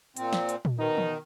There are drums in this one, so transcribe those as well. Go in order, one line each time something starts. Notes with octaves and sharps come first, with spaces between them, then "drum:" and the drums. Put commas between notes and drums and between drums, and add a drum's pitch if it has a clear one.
A#2 C4, drum: hi-hat
drum: snare
drum: hi-hat
drum: tom A#2
B2 D#3 D#4
drum: tom E3